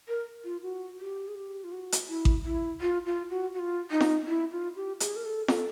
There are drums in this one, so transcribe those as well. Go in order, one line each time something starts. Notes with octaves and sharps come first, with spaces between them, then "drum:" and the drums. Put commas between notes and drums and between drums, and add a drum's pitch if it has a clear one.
A#4
F4
F#4
G4
G#4
G4
F4
F#4
drum: hi-hat
E4
drum: kick A1
E4
F4
F4
F#4
F#4
F4
D#4
drum: snare F4
E4
F4
G4
G#4, drum: hi-hat
A#4
A4
A4, drum: snare F4